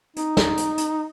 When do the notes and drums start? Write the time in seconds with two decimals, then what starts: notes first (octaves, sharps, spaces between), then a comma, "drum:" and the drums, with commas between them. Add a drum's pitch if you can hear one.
0.16 D#4, drum: hi-hat
0.37 drum: snare
0.57 drum: hi-hat
0.78 drum: hi-hat